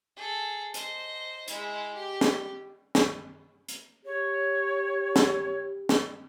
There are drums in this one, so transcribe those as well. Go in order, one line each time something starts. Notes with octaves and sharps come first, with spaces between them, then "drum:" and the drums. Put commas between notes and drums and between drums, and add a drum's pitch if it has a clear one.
G#4 A4
C5 D#5, drum: hi-hat
G#3 E4, drum: hi-hat
G4
drum: snare
drum: snare
drum: hi-hat
G4 C#5
drum: snare
drum: snare